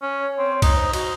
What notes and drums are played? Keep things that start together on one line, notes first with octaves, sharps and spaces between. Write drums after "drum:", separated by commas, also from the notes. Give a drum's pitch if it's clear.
C#4 C#5
C4
D#4 C#5, drum: kick B1, cymbal
C5
D#4 F#4, drum: cymbal